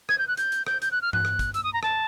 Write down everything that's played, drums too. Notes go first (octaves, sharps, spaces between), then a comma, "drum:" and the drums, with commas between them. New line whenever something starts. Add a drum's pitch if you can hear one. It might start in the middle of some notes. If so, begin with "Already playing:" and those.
G#6, drum: rim click
G6
F#6
G6, drum: hi-hat
drum: hi-hat
G6, drum: rim click
G6, drum: hi-hat
F#6
F6
F#6, drum: tom G2
drum: rim click
drum: kick, hi-hat
E6, drum: hi-hat
D#6
A#5
A5, drum: rim click